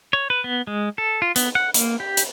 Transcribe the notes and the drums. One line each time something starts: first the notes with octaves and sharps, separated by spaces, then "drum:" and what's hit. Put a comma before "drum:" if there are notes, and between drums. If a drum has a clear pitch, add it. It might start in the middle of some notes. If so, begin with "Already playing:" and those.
C#5
B4
B3
G#3
A4
F4
B3, drum: hi-hat
F#5
A#3, drum: hi-hat
G4
drum: hi-hat